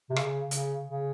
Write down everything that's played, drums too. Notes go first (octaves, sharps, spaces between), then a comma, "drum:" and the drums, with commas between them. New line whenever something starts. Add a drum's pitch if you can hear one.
C3
C#3, drum: rim click
C#3, drum: hi-hat
C#3